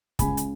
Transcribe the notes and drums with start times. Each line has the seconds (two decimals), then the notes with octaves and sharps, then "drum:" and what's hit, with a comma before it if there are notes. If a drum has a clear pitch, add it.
0.19 C#2 C#3 G#3 G#5 B5, drum: kick, hi-hat
0.37 drum: hi-hat